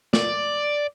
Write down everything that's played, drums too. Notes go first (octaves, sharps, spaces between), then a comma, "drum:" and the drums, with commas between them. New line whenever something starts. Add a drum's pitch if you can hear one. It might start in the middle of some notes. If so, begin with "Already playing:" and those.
D5, drum: snare